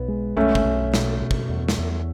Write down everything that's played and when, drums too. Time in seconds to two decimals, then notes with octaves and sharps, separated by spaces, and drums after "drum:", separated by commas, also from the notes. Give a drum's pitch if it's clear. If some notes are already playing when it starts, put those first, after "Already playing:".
Already playing: B1 B3
0.08 G#3
0.36 B1 A3 C#4
0.55 drum: kick
0.65 B1
0.94 B2, drum: snare
1.22 B2
1.31 drum: kick
1.49 E2
1.68 drum: snare
1.78 E2